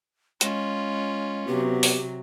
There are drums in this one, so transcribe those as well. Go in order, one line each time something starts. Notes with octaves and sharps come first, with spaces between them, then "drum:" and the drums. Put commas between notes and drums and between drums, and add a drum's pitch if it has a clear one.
G#3 C#4 F4, drum: hi-hat
C3 F#3 B3 G4
drum: open hi-hat